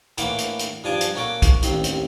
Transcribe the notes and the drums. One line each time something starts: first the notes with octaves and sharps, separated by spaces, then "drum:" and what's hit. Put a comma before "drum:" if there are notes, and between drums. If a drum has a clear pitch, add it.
A2 E3 A#3 F#5 D6, drum: hi-hat
drum: hi-hat
drum: hi-hat
G2 F3 D4 G#5 A5 D6
drum: hi-hat
A#3 C#4 F#4 A4 D6
drum: kick, hi-hat
A1 D#2 C4, drum: hi-hat
drum: hi-hat